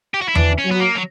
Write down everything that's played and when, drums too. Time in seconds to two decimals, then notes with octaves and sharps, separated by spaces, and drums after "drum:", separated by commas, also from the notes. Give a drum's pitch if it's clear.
0.14 G4
0.22 F#4
0.29 E4
0.35 E3 D4, drum: tom E2
0.58 C#4
0.65 F#3
0.71 B3
0.80 A#3
0.95 F#3